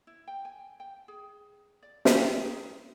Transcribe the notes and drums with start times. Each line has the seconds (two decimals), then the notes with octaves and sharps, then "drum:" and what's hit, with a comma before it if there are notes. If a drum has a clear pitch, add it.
0.07 E4
0.28 G5
0.45 G#5
0.80 G5
1.08 G#4
1.83 D5
2.05 G5, drum: snare
2.45 D#4